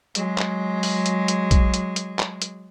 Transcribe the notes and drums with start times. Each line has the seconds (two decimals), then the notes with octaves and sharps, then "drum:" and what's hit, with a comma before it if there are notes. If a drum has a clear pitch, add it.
0.15 F#3 G#3, drum: hi-hat
0.38 drum: clap
0.83 drum: open hi-hat
1.06 drum: hi-hat
1.28 drum: hi-hat
1.51 drum: kick, hi-hat
1.74 drum: hi-hat
1.96 drum: hi-hat
2.19 drum: clap
2.42 drum: hi-hat